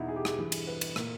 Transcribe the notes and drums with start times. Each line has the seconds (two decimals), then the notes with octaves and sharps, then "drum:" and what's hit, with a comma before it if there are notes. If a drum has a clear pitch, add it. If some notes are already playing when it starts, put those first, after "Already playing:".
Already playing: E2 B2 D#4 E4
0.08 G#4
0.16 G4
0.25 G#4, drum: rim click
0.38 G2 E3
0.52 drum: cymbal
0.67 B4
0.81 drum: cymbal
0.96 A#2 A#4, drum: rim click